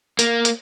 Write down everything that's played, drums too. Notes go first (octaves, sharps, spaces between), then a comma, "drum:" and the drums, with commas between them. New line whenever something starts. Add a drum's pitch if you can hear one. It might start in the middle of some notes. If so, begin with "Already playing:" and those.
A#3, drum: hi-hat
drum: hi-hat